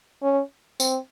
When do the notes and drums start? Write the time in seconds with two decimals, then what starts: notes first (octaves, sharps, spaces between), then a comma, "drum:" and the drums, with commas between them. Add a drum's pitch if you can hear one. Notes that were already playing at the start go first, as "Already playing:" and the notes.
0.23 C#4
0.80 C4, drum: tambourine